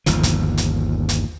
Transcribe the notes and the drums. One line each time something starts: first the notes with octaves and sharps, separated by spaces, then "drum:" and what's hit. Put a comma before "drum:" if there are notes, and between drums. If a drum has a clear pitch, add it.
G1 D#2 F3, drum: hi-hat
drum: kick, hi-hat
drum: hi-hat
drum: hi-hat